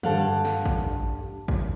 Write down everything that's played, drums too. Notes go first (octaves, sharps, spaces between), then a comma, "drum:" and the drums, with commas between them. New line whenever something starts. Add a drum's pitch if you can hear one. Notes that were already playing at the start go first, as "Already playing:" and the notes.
G2 A4 F5 F#5, drum: tom D3
drum: snare
drum: kick A1
drum: kick A1